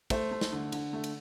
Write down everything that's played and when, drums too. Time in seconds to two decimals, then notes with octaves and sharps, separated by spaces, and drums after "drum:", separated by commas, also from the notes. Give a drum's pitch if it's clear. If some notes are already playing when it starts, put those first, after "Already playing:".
0.10 A3 C5, drum: kick, cymbal
0.31 A3
0.41 drum: snare
0.52 D3
0.72 D3, drum: cymbal
0.93 A3
1.04 drum: cymbal